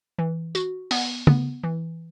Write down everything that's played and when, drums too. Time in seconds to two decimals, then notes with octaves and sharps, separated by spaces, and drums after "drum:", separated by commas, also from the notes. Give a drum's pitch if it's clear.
0.18 E3
0.55 F#4, drum: tambourine
0.91 B3, drum: open hi-hat
1.27 B3, drum: tom C#3
1.63 E3